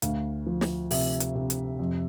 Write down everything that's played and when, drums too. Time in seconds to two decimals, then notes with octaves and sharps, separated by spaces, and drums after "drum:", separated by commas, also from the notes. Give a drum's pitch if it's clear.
0.02 D2 F5, drum: hi-hat
0.46 F3
0.61 drum: snare
0.91 C3 E5, drum: open hi-hat
1.20 drum: hi-hat
1.35 C3
1.50 drum: hi-hat
1.79 F2